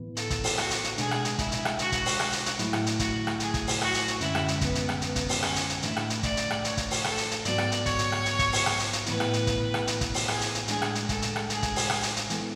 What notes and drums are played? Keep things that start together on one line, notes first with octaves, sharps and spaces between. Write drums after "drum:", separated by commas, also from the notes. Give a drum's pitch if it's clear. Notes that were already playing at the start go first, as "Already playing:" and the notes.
Already playing: A2 E3 B3 E4 B4
A4, drum: hi-hat
drum: kick, hi-hat
drum: open hi-hat
F#4, drum: rim click
drum: hi-hat
drum: hi-hat
B2 G#3 D4 G#4, drum: hi-hat
drum: rim click
drum: hi-hat
E4, drum: kick, hi-hat
drum: hi-hat
drum: rim click
F#4, drum: hi-hat
drum: kick, hi-hat
drum: open hi-hat
F#4, drum: rim click
drum: hi-hat
drum: hi-hat
A2 F#3 A3 E4, drum: hi-hat
drum: rim click
drum: hi-hat
F#4, drum: kick, hi-hat
drum: rim click
G#4, drum: hi-hat
drum: kick, hi-hat
drum: open hi-hat
F#4, drum: rim click
drum: hi-hat
drum: hi-hat
F#2 D3 G#3 C#4 E4, drum: hi-hat
drum: rim click
drum: hi-hat
B3, drum: kick, hi-hat
drum: hi-hat
drum: rim click
B3, drum: hi-hat
drum: kick, hi-hat
drum: open hi-hat
C#4, drum: rim click
drum: hi-hat
drum: hi-hat
A2 E3 A3 D4 E4, drum: hi-hat
drum: rim click
drum: hi-hat
D5, drum: kick, hi-hat
drum: hi-hat
drum: rim click
C#5, drum: hi-hat
drum: kick, hi-hat
drum: open hi-hat
A4, drum: rim click
drum: hi-hat
drum: hi-hat
G#2 F#3 B3 F#4 D5, drum: hi-hat
drum: rim click
drum: hi-hat
C#5, drum: kick, hi-hat
drum: hi-hat
drum: rim click
drum: hi-hat
drum: kick, hi-hat
drum: open hi-hat
drum: rim click
drum: hi-hat
drum: hi-hat
A2 E3 B3 E4 B4, drum: hi-hat
drum: rim click
drum: hi-hat
drum: kick, hi-hat
drum: rim click
drum: hi-hat
drum: kick, hi-hat
drum: open hi-hat
G#4, drum: rim click
drum: hi-hat
drum: hi-hat
A2 G#3 D4 G#4, drum: hi-hat
drum: rim click
drum: hi-hat
A4, drum: kick, hi-hat
drum: hi-hat
drum: rim click
G#4, drum: hi-hat
drum: kick, hi-hat
drum: open hi-hat
drum: rim click
drum: hi-hat
drum: hi-hat
E3 G#3 B3 E4 A4, drum: hi-hat